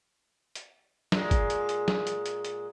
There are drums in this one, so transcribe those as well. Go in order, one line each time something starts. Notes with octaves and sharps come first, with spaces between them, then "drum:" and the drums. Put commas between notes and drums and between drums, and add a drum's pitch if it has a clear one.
drum: hi-hat
A#2 G#3, drum: snare
drum: kick, hi-hat
drum: hi-hat
drum: hi-hat
drum: snare
drum: hi-hat
drum: hi-hat
drum: hi-hat